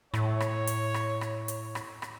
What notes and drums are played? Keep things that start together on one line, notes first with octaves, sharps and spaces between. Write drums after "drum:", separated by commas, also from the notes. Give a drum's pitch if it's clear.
A2 C#5, drum: rim click
drum: rim click
drum: hi-hat
drum: rim click
drum: rim click
drum: hi-hat
drum: rim click
drum: rim click